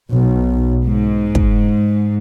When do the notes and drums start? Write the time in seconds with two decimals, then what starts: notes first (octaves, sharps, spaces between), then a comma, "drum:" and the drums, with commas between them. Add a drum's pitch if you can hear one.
0.11 B1
0.85 G#2
1.35 drum: kick